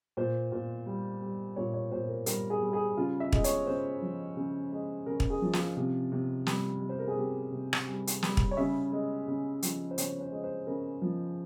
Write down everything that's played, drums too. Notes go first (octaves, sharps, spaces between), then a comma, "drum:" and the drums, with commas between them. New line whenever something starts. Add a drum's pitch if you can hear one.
A#2 C5
A#2
G3
G3
A#2 C#5
C#5
A#2 C5
A#4
G3 A#4, drum: hi-hat
G#4
G3
G#4
C#3 F4
E5
G#3, drum: kick
C#5, drum: hi-hat
C#3 C5
F3
C#3
G#3
C#3 A#4
drum: kick
G#4
F3
F4, drum: snare
C3
C3
G3, drum: snare
G3
C5
A#4
G#4
C3 G4
C3
drum: rim click
G3
drum: hi-hat
G3, drum: snare
drum: kick
C#5
C#3 E5
G#3
C#3
F3, drum: hi-hat
C5
C#3 C#5, drum: hi-hat
C5
G#3
C5
C#3 A#4
F3